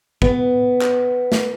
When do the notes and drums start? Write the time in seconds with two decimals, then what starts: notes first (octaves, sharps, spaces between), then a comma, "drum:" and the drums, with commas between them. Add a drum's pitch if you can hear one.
0.22 B3, drum: kick
0.82 drum: clap
1.32 drum: snare